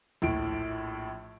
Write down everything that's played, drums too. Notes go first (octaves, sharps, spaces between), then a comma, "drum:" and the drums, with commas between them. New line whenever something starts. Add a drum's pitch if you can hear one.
A#1 A2 D7, drum: tom D2